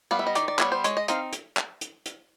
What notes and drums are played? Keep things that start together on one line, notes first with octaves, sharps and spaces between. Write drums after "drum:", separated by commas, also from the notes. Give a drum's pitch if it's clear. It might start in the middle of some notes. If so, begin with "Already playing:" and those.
G3 B3 F5
E5
D#5
D#3 D5, drum: hi-hat
D5
G3 B3 C#5, drum: clap
C5
G#3 C#5, drum: hi-hat
D#5
C4 D#4 F5, drum: hi-hat
drum: hi-hat
drum: clap
drum: hi-hat
drum: hi-hat